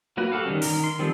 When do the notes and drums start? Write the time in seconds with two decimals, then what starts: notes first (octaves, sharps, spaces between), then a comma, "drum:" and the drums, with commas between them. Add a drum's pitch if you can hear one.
0.17 F#3 A#3 F#4 B4
0.32 F#4 G4 A4 F5
0.46 D#3 G3 C#4
0.62 D#3 A#4, drum: open hi-hat
0.84 C6
0.99 D#3 F3 G3 C4 A4